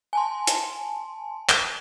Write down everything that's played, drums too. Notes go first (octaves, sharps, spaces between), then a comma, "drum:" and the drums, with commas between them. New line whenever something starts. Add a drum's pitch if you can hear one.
G#5 A5 C6
drum: hi-hat
drum: clap